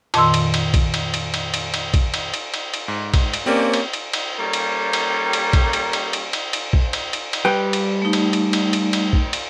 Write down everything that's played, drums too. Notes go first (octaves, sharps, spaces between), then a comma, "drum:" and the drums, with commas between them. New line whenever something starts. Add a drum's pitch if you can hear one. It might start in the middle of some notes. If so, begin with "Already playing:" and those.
F2 A#2 D#3 C6 E6, drum: cymbal
drum: cymbal
drum: cymbal
drum: kick, cymbal
drum: cymbal
drum: cymbal
drum: cymbal
drum: cymbal
drum: cymbal
drum: kick, cymbal
drum: cymbal
drum: cymbal
drum: cymbal
drum: cymbal
G#2
drum: kick, cymbal
drum: cymbal
A#3 C4 C#4 G4 D5
drum: cymbal
drum: cymbal
drum: cymbal
G3 A#3 C#4 G4 A4
drum: cymbal
drum: cymbal
drum: cymbal
drum: kick, cymbal
drum: cymbal
drum: cymbal
drum: cymbal
drum: cymbal
drum: cymbal
drum: kick
drum: cymbal
drum: cymbal
drum: cymbal
G3 B4 G5
drum: cymbal
A3 D#4
drum: cymbal
drum: cymbal
drum: cymbal
drum: cymbal
drum: cymbal
drum: kick
drum: cymbal